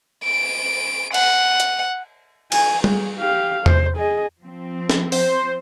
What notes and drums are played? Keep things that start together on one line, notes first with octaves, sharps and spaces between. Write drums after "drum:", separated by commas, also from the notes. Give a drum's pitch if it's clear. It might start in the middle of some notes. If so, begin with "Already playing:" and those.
D7
F#5, drum: cymbal
drum: hi-hat
G#5, drum: cymbal
G#4, drum: tom G3
G4 F5
C5, drum: tom E2
G#4 D#5
F3 C4
drum: snare
C5, drum: open hi-hat